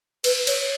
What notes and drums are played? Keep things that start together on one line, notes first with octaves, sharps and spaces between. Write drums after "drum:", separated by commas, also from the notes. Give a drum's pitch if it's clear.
B4, drum: cymbal
C#5, drum: cymbal